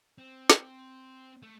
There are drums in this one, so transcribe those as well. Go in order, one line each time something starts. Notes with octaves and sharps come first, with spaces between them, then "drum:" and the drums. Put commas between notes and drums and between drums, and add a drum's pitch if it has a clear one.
C4
drum: snare
A3